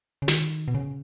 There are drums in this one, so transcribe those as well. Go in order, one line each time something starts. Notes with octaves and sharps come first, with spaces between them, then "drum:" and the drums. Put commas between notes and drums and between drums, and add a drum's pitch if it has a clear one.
C#3
D#3, drum: snare
B2
C#3